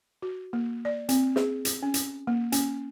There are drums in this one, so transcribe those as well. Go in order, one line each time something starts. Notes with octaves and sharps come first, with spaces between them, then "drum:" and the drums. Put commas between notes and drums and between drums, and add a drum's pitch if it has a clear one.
F#4
A#3
D5
C4, drum: hi-hat
G#4, drum: snare
drum: hi-hat
C#4
drum: hi-hat
A#3
C#4, drum: hi-hat